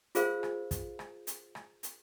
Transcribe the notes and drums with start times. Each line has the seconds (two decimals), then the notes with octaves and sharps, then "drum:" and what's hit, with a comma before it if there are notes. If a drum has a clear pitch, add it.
0.15 F4 G#4 A#4 C5 F5 E6, drum: hi-hat
0.43 drum: rim click
0.71 drum: kick, hi-hat
0.99 drum: rim click
1.27 drum: hi-hat
1.55 drum: rim click
1.83 drum: hi-hat